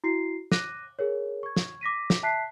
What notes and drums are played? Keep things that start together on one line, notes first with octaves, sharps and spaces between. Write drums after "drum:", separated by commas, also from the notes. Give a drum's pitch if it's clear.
E4 F#4 C7
D6 F#6 A#6 D#7, drum: snare
G#4 A#4 C#5
C#6 G#6
drum: snare
D6 A#6 B6 D#7
drum: snare
E5 A5 F#6 B6 C7